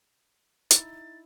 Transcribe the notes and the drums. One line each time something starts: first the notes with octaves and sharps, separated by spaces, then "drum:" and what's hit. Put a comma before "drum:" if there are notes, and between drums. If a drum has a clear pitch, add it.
D#4 E4 A6, drum: hi-hat